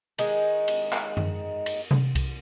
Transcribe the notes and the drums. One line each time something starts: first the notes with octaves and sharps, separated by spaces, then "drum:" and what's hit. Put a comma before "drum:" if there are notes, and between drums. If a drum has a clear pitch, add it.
D#3 G#3 D#4, drum: cymbal
drum: cymbal
drum: clap
drum: tom F#2
drum: cymbal
drum: tom C3
drum: kick C2, cymbal